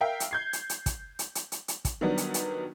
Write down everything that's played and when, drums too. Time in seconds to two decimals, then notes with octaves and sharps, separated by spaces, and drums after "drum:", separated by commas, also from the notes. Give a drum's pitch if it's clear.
0.01 A#4 E5 F5 G5
0.20 drum: hi-hat
0.31 G6 G#6 C7
0.53 drum: hi-hat
0.69 drum: hi-hat
0.86 drum: kick, hi-hat
1.19 drum: hi-hat
1.35 drum: hi-hat
1.52 drum: hi-hat
1.68 drum: hi-hat
1.85 drum: kick, hi-hat
2.01 D#3 F#3 G3 B3 D4
2.18 drum: hi-hat
2.34 drum: hi-hat